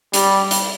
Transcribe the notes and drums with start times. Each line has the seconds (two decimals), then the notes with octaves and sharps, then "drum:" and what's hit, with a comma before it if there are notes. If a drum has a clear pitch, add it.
0.14 G3, drum: hi-hat
0.51 drum: hi-hat